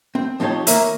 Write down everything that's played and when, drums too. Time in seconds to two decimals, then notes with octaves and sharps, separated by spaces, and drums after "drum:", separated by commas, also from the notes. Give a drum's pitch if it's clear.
0.15 C4
0.40 F3 C4 D#4 G4 C#5 A5
0.67 D#3 A#3 A#4 C#5 E5, drum: hi-hat